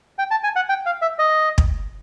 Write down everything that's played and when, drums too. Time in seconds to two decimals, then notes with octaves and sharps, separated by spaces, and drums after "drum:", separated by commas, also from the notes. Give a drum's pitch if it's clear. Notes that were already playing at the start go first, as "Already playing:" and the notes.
0.18 G5
0.31 A5
0.44 G#5
0.56 F#5
0.69 G5
0.86 F5
1.02 E5
1.19 D#5
1.58 drum: kick